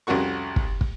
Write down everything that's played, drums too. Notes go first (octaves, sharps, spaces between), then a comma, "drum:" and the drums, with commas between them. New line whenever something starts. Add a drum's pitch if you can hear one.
C2 F2 C#4 F#4 C#6
drum: kick
drum: kick